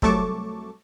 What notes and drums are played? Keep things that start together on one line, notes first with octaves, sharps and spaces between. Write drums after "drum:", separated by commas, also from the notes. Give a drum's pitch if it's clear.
C2 F#3 A3 A5 C#6 D6, drum: kick